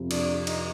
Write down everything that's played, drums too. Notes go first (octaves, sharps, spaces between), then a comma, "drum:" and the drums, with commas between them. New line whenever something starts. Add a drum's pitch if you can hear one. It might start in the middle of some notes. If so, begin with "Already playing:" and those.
Already playing: F2 C3 F3
D4, drum: cymbal
D#4, drum: cymbal